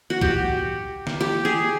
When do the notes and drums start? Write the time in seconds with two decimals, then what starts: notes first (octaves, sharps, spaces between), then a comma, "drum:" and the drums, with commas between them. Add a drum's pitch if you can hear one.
0.10 F#4
0.21 G4, drum: kick B1
1.07 drum: snare
1.21 G4
1.45 G#4